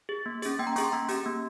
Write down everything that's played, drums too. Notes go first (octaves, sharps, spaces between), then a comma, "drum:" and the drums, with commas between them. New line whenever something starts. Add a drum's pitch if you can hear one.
G#4
A#3
C#4 G#4, drum: hi-hat
A#3 G5
A#5
C#4 G#4 C#6, drum: hi-hat
C6
A#3 A#5
C#4 G4, drum: hi-hat
A#3